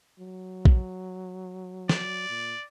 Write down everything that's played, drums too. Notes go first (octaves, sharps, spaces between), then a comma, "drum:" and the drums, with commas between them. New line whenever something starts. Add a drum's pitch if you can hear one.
F#3
drum: kick A#1
D5, drum: snare
A#2